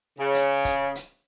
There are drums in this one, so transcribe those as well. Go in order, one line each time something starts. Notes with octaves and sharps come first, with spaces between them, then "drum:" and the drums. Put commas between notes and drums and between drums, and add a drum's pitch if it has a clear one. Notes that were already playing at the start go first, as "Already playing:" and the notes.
C#3
drum: hi-hat
drum: kick, hi-hat
drum: hi-hat